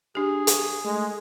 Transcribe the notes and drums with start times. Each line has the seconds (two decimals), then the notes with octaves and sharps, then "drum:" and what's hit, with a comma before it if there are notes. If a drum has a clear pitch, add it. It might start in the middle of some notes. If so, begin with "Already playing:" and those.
0.15 D4 G4 G#4
0.47 drum: hi-hat
0.85 G#3 A3